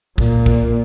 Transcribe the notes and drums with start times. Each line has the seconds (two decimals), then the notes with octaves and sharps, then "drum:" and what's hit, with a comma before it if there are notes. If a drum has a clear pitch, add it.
0.18 A#2, drum: kick
0.46 drum: kick